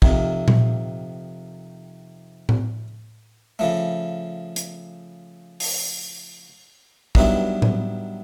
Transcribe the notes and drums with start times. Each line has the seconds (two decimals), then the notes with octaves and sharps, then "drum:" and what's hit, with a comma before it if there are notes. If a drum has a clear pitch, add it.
0.02 F2 C3 D#3, drum: kick
0.48 drum: tom A#2
2.49 drum: tom A2
3.59 C#3 F3 A3
4.56 drum: hi-hat
5.60 drum: open hi-hat
7.15 G2 D#3 F#3 B3 E4, drum: kick
7.62 drum: tom A2